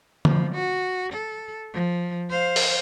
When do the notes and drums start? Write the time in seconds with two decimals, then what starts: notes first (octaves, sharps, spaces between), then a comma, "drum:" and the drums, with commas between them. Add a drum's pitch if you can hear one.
0.25 F3, drum: tom D3
0.55 F#4
1.13 A4
1.73 F3
2.30 C5 F5
2.56 drum: open hi-hat